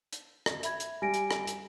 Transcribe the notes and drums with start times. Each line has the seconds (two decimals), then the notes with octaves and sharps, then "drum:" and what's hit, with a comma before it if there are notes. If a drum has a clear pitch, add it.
0.13 drum: hi-hat
0.46 drum: rim click
0.63 E5 B5 G#6, drum: hi-hat
0.80 drum: hi-hat
1.02 G3 G#5 A#6 D7
1.14 drum: hi-hat
1.31 drum: rim click
1.47 drum: hi-hat